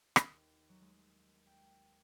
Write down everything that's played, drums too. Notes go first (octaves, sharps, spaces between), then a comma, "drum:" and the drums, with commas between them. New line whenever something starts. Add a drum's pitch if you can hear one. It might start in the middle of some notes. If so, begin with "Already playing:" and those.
D#2, drum: rim click
F#3
G#3
G5